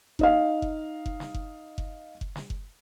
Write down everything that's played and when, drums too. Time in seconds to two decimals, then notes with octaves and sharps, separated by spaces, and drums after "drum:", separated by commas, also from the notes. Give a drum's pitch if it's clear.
0.19 D#4 D#5 F5, drum: kick F#1
0.62 drum: kick F#1
1.06 drum: kick F#1
1.20 drum: snare
1.34 drum: kick F#1
1.78 drum: kick F#1
2.21 drum: kick F#1
2.36 drum: snare
2.50 drum: kick F#1